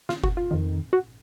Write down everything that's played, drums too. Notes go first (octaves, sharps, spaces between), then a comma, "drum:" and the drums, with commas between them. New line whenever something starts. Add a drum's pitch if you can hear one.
F4, drum: snare
F#4, drum: kick F#1
F4
F2 D#3
F#4